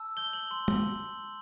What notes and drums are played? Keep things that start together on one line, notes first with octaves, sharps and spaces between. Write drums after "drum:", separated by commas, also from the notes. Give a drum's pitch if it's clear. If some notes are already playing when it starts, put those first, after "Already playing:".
Already playing: A5 E6
G6 G7
F#7
C6 F#7
F#7, drum: tom